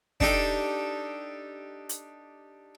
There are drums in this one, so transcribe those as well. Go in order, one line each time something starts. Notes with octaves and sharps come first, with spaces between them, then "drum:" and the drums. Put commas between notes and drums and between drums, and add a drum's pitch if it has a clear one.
D4 D#4 G4 A4, drum: kick
drum: hi-hat